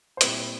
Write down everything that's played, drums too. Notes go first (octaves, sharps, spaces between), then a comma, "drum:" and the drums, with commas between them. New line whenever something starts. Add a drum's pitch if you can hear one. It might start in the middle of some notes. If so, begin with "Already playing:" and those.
C5
A#2 G3 C4 E4 B4, drum: hi-hat